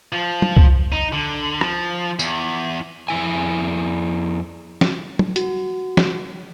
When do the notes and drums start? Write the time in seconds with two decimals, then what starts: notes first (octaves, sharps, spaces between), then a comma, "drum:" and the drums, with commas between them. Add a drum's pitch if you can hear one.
0.13 F3
0.42 drum: tom
0.57 drum: kick C2
0.92 D#4
1.13 D3
1.61 F3, drum: rim click
2.19 E2, drum: tambourine
3.08 F2 C3 E4 G#5
4.81 drum: snare
5.19 drum: tom
5.36 F#4, drum: hi-hat
5.97 drum: snare